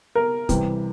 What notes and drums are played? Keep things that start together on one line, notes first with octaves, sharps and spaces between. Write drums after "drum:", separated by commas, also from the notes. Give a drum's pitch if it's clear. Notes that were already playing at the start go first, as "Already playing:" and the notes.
A#4
C3 E3 G3, drum: kick, hi-hat